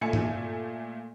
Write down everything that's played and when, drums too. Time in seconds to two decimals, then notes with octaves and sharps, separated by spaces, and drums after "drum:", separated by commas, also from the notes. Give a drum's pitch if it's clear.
0.01 A#2 A3 E5 G#5 C#7
0.13 drum: tom G2